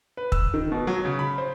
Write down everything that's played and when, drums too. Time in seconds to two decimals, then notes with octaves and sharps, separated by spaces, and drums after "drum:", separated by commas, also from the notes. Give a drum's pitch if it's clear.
0.17 B4
0.32 E6, drum: kick
0.54 D#3
0.72 B2
0.87 F#3
1.05 C#3
1.19 B5
1.38 C5